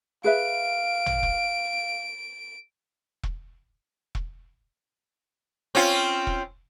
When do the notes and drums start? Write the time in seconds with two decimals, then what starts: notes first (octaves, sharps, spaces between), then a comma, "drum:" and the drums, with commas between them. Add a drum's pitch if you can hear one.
0.24 G#4 B4 E5 F5 D7
1.06 drum: tom A1
1.23 drum: kick E1
3.23 drum: kick E1
4.15 drum: kick E1
5.75 C4 C#4 F4
6.27 drum: kick E1